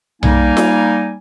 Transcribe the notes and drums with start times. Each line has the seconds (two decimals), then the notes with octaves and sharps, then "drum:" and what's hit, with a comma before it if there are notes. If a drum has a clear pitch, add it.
0.23 G3 A#3 D#4 G#5, drum: tom B1
0.57 drum: snare F4